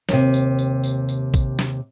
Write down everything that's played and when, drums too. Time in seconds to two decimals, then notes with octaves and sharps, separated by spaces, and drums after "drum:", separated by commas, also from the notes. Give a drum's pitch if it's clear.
0.09 D#2 C3, drum: snare
0.34 drum: tambourine
0.59 drum: tambourine
0.84 drum: tambourine
1.09 drum: tambourine
1.34 drum: kick, tambourine
1.59 drum: snare